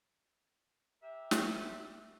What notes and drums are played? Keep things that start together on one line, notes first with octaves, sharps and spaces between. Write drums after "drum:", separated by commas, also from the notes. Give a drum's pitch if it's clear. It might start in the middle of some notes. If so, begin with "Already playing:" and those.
G4 A#4 E5
drum: snare